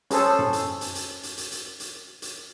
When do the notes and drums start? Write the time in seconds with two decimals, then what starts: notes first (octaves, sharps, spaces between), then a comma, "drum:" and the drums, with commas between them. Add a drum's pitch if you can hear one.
0.11 C#4 G#4 A4 C5, drum: hi-hat
0.39 drum: tom F#2
0.53 drum: hi-hat
0.81 drum: hi-hat
0.95 drum: hi-hat
1.23 drum: hi-hat
1.37 drum: hi-hat
1.52 drum: hi-hat
1.80 drum: hi-hat
2.22 drum: hi-hat